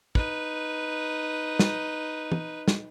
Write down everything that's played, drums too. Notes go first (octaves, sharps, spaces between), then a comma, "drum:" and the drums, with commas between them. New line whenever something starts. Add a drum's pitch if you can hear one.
D#4 B4, drum: kick
drum: snare
drum: tom
drum: snare